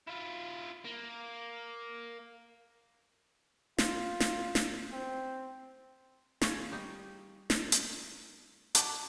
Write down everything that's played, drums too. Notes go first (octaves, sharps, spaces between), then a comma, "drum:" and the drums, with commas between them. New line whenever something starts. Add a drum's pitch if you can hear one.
E4 F4
A#3
F4, drum: snare
drum: snare
drum: snare
C4
E3 F4 G#4 C#6, drum: snare
G3 D#4
drum: snare
drum: hi-hat
F#4 A5 D6, drum: hi-hat